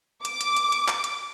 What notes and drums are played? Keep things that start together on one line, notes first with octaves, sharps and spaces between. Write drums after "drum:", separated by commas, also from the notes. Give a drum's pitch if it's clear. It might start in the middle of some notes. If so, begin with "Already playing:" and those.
D6, drum: hi-hat
drum: hi-hat
drum: hi-hat
drum: hi-hat
drum: clap
drum: hi-hat